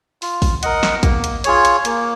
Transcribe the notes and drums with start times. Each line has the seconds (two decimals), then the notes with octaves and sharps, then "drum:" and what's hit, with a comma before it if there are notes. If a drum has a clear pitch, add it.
0.22 F4, drum: open hi-hat
0.42 drum: kick, open hi-hat
0.63 A#4 D#5 F#5, drum: hi-hat
0.83 drum: snare
1.03 A#3, drum: kick, hi-hat
1.24 drum: hi-hat
1.44 F4 G#4 C#5, drum: hi-hat
1.65 drum: hi-hat
1.85 A#3, drum: hi-hat